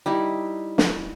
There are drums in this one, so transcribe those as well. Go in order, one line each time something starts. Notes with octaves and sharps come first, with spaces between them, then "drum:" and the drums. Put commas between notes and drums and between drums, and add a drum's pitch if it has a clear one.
G3 D#4 E4
drum: snare